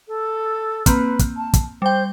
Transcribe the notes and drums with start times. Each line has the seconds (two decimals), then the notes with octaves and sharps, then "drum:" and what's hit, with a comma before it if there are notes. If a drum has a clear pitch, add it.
0.08 A4
0.86 A#3 C4 B4, drum: kick, hi-hat
1.19 drum: kick, hi-hat
1.36 A5
1.53 drum: kick, hi-hat
1.82 G3 C5 G5